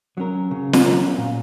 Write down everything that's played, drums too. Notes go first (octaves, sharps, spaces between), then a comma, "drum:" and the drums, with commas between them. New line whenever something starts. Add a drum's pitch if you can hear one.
F#3 C#4 A#4
C#3
drum: snare
F#3 C#4 A#4
A#2